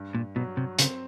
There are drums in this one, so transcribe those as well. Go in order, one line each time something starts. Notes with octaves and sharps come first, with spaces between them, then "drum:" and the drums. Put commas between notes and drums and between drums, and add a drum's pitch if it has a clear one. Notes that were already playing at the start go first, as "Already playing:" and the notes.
Already playing: G2
A#2
B2 F#3
C3
C#3 C4, drum: hi-hat